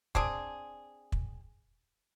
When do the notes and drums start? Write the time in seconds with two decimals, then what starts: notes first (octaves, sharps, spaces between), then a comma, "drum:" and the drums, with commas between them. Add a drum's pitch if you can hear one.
0.15 C4 D4 G#4, drum: kick
1.12 drum: kick